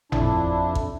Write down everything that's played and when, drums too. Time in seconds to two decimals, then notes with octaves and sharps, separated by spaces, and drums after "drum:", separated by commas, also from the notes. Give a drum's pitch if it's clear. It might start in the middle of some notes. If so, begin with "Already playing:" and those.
0.12 F2 D4 E4, drum: tom G#1
0.75 drum: kick